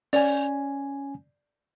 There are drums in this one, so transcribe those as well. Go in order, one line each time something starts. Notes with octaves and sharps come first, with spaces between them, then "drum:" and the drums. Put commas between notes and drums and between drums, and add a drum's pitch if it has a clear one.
C#4 D5 G#5, drum: open hi-hat